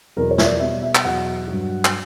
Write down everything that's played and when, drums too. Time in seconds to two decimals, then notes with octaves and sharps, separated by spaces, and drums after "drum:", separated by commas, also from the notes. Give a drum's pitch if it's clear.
0.17 E2 B2 F#3 A#4
0.31 C#5
0.38 E5, drum: snare
0.45 D5
0.60 B2 G3 E5
0.83 E5
0.95 drum: clap
1.05 E2 B2 F#3 F#5
1.48 G2 F#3
1.85 drum: clap